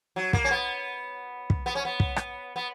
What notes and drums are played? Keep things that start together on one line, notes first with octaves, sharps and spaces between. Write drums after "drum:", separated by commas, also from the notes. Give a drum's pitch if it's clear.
F#3
A#3, drum: kick
C#4
B3
drum: kick
B3
C#4
B3
drum: kick
drum: rim click
B3